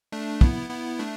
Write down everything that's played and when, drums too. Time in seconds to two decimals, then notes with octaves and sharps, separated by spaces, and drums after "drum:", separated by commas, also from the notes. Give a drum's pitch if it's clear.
0.12 A3 D4
0.41 B3 E4, drum: kick
0.70 B3 E4
0.99 A3 D4